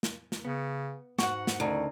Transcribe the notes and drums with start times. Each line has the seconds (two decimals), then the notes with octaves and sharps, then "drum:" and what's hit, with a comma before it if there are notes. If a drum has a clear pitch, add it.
0.03 drum: snare
0.32 drum: snare
0.45 C#3 B3
1.19 G#2 F#4 F#5, drum: snare
1.47 drum: snare
1.60 D2 C#3 D#4 A#4